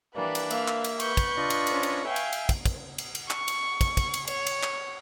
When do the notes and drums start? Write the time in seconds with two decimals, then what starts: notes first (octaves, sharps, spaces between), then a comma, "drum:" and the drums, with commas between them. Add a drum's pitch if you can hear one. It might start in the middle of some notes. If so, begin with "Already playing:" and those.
0.14 E3 G3 A#3 D4 B4
0.35 drum: cymbal
0.51 A#3 E5 F5, drum: cymbal
0.68 drum: clap
0.84 drum: cymbal
1.00 B4 C#6 G6, drum: cymbal
1.17 drum: kick, cymbal
1.37 D4 F4 D#5
1.50 drum: cymbal
1.67 C#4 C5, drum: cymbal
1.83 drum: cymbal
2.05 E5 F5 G5 G#5
2.16 drum: cymbal
2.33 drum: cymbal
2.49 drum: kick, cymbal
2.65 drum: kick, cymbal
2.98 drum: cymbal
3.15 drum: cymbal
3.30 C#6, drum: clap
3.48 drum: cymbal
3.81 drum: kick, cymbal
3.97 drum: kick, cymbal
4.14 drum: cymbal
4.28 C#5, drum: cymbal
4.47 drum: cymbal
4.63 drum: clap